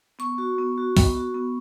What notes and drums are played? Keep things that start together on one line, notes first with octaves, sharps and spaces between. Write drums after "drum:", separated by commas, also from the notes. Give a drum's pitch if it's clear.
B3 C#6
F#4
B3
F#4
B3, drum: kick C2, open hi-hat
F#4
B3